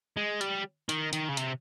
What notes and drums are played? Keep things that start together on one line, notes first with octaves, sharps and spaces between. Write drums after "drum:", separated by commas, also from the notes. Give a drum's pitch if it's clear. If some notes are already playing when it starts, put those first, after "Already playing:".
G#3
G3, drum: hi-hat
D#3, drum: hi-hat
D#3, drum: hi-hat
C#3
C3, drum: hi-hat